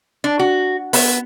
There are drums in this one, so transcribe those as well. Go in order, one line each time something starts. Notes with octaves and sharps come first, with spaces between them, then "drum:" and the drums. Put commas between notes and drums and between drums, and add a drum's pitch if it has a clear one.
D4
F#4
B3, drum: open hi-hat